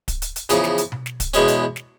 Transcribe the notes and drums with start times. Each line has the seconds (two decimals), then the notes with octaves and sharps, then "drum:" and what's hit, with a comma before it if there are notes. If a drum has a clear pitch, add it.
0.08 drum: kick D1, hi-hat
0.22 drum: hi-hat
0.36 drum: hi-hat
0.49 E2 C#3 F3, drum: hi-hat
0.64 drum: snare
0.78 drum: hi-hat
0.92 drum: tom B2
1.06 drum: snare
1.20 drum: kick D1, hi-hat
1.34 E2 B2 G#3 C#4, drum: hi-hat
1.48 drum: hi-hat
1.76 drum: snare